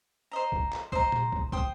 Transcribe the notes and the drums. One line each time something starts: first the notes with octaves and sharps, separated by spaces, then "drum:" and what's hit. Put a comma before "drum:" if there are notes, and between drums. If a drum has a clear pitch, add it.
C5 D#5 A#5
drum: kick
drum: clap
C5 D#5 A#5, drum: kick
drum: tom A#2
drum: kick
C5 G5 C6 D#6, drum: kick